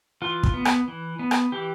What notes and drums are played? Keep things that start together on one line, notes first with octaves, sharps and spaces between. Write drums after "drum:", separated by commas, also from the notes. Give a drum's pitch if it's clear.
E3 F4
drum: kick
B3
drum: rim click
E3
B3
drum: rim click
E3 G4